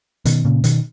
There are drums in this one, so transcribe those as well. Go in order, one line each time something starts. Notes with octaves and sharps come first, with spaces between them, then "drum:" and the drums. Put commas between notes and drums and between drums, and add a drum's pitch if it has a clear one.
B2 D#3, drum: hi-hat
A#2 C#3
B2 D#3, drum: hi-hat